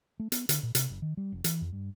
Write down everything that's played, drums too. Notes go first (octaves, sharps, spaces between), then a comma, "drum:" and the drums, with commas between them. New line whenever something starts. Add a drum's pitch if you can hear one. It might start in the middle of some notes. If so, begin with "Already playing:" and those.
A3
B3, drum: hi-hat
D3, drum: hi-hat
A#2
C3, drum: hi-hat
F#1
D#3
G3
F1
E3, drum: hi-hat
F2
G2